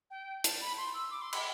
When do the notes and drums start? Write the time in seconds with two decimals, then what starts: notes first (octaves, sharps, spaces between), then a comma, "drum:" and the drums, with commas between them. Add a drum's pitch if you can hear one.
0.10 G5
0.44 A5, drum: hi-hat
0.61 B5
0.78 C6
0.94 E6
1.11 D6
1.22 C6
1.33 B5, drum: cymbal